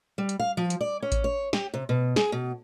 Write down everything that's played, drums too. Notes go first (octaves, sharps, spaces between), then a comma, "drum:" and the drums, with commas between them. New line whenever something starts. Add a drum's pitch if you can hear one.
G3
drum: hi-hat
F5
F3
drum: hi-hat
D5
C#4
drum: kick A1, hi-hat
C#5
G4, drum: snare
C3
B2
G#4, drum: snare
B2